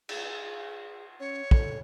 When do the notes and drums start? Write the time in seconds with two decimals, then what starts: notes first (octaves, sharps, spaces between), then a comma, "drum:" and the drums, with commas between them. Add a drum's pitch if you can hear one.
0.09 G#4, drum: cymbal
1.19 C#4 C#5
1.51 A4, drum: kick